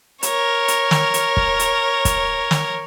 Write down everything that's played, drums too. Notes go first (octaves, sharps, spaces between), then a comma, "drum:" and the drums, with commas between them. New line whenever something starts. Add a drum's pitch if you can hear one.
A#4 C#5, drum: hi-hat
drum: hi-hat
drum: snare
drum: hi-hat
drum: kick
drum: hi-hat
drum: kick, hi-hat
drum: snare